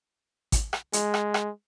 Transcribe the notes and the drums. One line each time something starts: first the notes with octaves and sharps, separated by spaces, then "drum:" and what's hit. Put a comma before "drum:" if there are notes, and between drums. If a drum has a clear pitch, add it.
drum: kick G#1, hi-hat
drum: rim click
G#3, drum: hi-hat
drum: rim click
drum: rim click